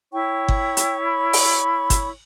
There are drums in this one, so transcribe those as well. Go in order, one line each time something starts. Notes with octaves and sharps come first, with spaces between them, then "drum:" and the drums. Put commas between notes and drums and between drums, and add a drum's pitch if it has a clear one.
E4 C#5 G5 C#6
drum: kick G1
drum: hi-hat
B5
drum: open hi-hat
drum: kick G1, hi-hat